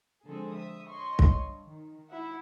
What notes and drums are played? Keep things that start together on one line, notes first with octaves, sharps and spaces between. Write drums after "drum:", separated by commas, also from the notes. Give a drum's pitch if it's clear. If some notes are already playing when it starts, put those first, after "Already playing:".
D3 F3 G#3 C4 G#4 A4
E5 D#6
C#5 D#5 C6 C#6
drum: kick
G2
D#3
E4 E5 F#5